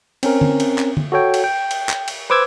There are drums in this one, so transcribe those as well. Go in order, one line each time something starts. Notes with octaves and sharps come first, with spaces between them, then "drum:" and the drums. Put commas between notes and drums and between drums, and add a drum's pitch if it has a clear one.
C4 C#4 A#4, drum: cymbal
drum: tom D3
drum: cymbal
drum: clap
drum: tom D3
F#4 A4 C#5 G5
drum: cymbal
G5
drum: cymbal
drum: clap
drum: cymbal
B4 C5 D6 E6 G#6